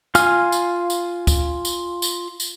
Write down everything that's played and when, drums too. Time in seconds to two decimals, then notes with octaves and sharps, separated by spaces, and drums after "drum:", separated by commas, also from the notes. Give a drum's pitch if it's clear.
0.15 F4 F5 G#5 F6, drum: tambourine
0.52 drum: tambourine
0.90 drum: tambourine
1.27 drum: kick, tambourine
1.65 drum: tambourine
2.02 drum: tambourine
2.40 drum: tambourine